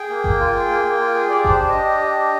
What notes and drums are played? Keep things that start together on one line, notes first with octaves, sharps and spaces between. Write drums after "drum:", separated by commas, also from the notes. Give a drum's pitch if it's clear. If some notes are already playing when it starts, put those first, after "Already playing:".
Already playing: G#4 G5
A#3
A#3, drum: kick G1
F4
G#4
A#3
A#3
F4
G#4
G4 D5
D4 C5, drum: kick G1
G4
D#5
D4
G4
D4
G4